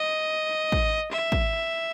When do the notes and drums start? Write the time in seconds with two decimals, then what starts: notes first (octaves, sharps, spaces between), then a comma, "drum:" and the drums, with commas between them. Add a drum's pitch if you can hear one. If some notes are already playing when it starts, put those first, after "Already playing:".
Already playing: D#5
0.72 drum: kick
1.12 E5
1.32 drum: kick